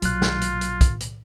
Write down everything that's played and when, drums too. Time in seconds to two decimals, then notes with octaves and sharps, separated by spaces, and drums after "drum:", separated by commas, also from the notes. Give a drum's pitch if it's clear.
0.02 B1 A#2 F#3 F4 F#6, drum: hi-hat
0.22 drum: snare
0.41 drum: hi-hat
0.61 drum: hi-hat
0.81 drum: kick, hi-hat
1.00 drum: hi-hat